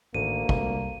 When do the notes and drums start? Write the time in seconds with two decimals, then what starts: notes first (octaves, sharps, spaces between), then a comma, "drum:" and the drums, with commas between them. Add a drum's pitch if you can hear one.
0.15 A1 D2 D#3 A#3 D#7
0.49 C2 G3, drum: kick